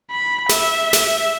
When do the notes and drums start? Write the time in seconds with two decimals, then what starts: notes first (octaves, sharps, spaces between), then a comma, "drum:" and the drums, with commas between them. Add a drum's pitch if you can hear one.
0.11 B5
0.49 E5, drum: snare
0.93 drum: snare